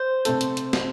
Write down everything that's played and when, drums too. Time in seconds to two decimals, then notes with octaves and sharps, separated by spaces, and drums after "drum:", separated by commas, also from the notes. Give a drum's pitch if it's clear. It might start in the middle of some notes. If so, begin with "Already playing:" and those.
Already playing: C5
0.25 C3 A3 C4 A4, drum: hi-hat
0.41 drum: hi-hat
0.57 drum: hi-hat
0.73 drum: snare